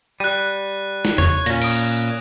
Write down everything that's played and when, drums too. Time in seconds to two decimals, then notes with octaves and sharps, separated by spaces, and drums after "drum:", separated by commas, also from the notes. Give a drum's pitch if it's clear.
0.20 G3 F#6 D#7
1.05 drum: snare
1.18 C#5, drum: tom E2
1.46 A#2 C#4 A#6, drum: hi-hat
1.62 D#6 D7, drum: cymbal